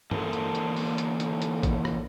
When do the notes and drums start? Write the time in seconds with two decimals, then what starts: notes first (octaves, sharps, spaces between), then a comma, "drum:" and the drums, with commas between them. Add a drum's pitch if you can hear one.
0.11 D3 E3 A#3 G#4 A4 C5, drum: tom G2
0.33 drum: hi-hat
0.55 drum: hi-hat
0.77 drum: open hi-hat
0.98 drum: hi-hat
1.20 drum: hi-hat
1.42 drum: hi-hat
1.63 drum: kick A1, hi-hat
1.85 drum: rim click